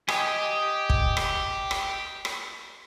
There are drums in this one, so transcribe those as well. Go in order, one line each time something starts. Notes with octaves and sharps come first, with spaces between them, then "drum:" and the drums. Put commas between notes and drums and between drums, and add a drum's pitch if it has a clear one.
G4 D#5 G#5, drum: rim click
drum: kick
drum: rim click
drum: rim click
drum: rim click